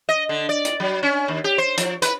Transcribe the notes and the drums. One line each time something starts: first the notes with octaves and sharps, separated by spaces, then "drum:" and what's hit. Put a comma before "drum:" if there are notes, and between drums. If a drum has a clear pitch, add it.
D#5
D3
D5
drum: hi-hat
F#3
C#4
D#2
G4
C5
F3, drum: hi-hat
B4, drum: hi-hat